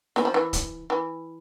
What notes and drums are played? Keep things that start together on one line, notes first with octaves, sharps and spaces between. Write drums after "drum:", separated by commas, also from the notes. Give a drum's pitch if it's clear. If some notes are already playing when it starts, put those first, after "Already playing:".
E3, drum: snare
F3
E3
drum: kick C#1, hi-hat
E3